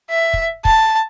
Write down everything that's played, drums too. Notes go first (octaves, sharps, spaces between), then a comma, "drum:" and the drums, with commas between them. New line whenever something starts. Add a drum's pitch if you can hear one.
E5
drum: kick
A5, drum: kick